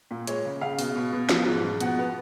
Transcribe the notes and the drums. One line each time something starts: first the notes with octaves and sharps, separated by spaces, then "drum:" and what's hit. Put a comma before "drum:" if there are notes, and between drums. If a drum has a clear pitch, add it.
A#2
G#3 C#5, drum: hi-hat
C#3
C#3 F5
B2, drum: open hi-hat
B2
B2
F3, drum: snare
G#2
F3
B2 F#5, drum: hi-hat
B3